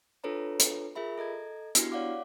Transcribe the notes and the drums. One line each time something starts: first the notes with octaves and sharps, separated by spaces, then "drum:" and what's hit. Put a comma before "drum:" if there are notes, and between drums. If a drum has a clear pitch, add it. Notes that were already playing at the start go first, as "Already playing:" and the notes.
D4 F4 A4 B4 C#5 A#5
drum: hi-hat
F4 G#4 A#4 E5 B5
A4 D#5 A#5 G#6
B3 D4 E4 F#4 G4, drum: hi-hat
C#5 D5 F5 F#5 D6